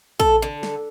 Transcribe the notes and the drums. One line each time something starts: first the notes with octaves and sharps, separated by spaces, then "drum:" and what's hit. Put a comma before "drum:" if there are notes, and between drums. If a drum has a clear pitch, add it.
A4, drum: kick
D3
drum: snare